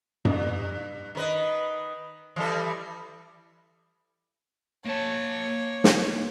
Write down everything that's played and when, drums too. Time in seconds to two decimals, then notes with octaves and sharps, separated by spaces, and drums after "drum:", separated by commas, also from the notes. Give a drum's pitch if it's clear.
0.25 G2, drum: tom F#2
1.15 D#3 B4 D#5
2.36 E3 G3 A4
4.85 A#3 C#5 A5
5.84 drum: snare